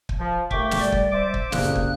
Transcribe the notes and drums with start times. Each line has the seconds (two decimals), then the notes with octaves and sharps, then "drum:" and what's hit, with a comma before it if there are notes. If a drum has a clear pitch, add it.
0.09 drum: kick
0.19 F3
0.51 D#2 A3 E5 G5 C#6 D6, drum: kick
0.71 drum: snare
0.81 G3 D5
0.92 drum: kick
1.12 C5 E5 D6
1.34 drum: kick
1.52 C2 F#2 C#3 A#3 F#6, drum: snare
1.75 drum: kick